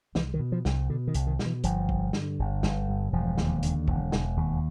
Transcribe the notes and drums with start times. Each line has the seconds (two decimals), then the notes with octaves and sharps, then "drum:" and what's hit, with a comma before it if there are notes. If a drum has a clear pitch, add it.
0.15 C2 E3, drum: snare
0.34 D#3
0.39 B2
0.52 F3
0.65 C2, drum: snare
0.89 B2 D3
1.07 D#3
1.14 C2, drum: hi-hat
1.27 D#3
1.39 B2, drum: snare
1.46 E3
1.64 G1 F3, drum: hi-hat
1.89 G2, drum: kick A#1
2.13 D3, drum: snare
2.39 G1
2.63 G1, drum: snare
2.89 G2
3.13 E1 F3
3.38 D#2, drum: snare
3.63 D3, drum: hi-hat
3.88 E1, drum: kick A#1
4.12 E1, drum: snare
4.37 D#2